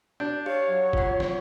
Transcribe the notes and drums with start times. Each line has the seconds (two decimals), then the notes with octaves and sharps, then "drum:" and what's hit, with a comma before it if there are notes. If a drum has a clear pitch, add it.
0.20 D4 G6
0.46 G4 C#5 F5
0.69 F#3
0.93 F4 F#5, drum: kick
1.20 drum: snare